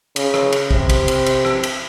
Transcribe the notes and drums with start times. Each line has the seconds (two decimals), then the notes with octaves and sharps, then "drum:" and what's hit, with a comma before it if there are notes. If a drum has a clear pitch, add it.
0.16 C#3, drum: cymbal
0.34 drum: rim click
0.52 drum: cymbal
0.71 C3, drum: kick
0.89 drum: kick, cymbal
1.08 drum: cymbal
1.26 drum: cymbal
1.45 drum: rim click
1.63 drum: cymbal